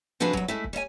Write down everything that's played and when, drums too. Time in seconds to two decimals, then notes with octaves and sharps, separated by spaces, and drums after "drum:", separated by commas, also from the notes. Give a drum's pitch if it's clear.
0.20 C3 F3 D4 F#4 G#4 B4
0.33 E2 F#3, drum: kick
0.48 G#3 A3 E4
0.64 drum: kick
0.73 G3 C#5 E5 G#5